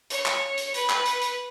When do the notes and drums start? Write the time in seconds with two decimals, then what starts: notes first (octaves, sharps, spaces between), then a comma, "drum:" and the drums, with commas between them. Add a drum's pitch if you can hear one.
0.10 C#5, drum: hi-hat
0.26 drum: clap
0.58 drum: hi-hat
0.74 B4, drum: hi-hat
0.90 drum: clap
1.06 drum: hi-hat
1.22 drum: hi-hat